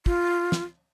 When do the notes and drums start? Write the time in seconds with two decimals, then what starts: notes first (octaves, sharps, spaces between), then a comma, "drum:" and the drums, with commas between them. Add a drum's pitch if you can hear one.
0.06 F4, drum: kick
0.52 drum: snare